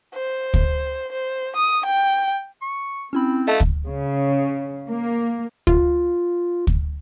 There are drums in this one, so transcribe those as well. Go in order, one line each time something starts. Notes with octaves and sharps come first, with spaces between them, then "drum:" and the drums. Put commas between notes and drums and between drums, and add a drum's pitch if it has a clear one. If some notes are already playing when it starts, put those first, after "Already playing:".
C5
drum: kick
C5
D#6
G5
C#6
C4 C#4 E4 B5
A3 D#5 F5 A5
drum: kick
C#3
A#3
F4, drum: kick
drum: kick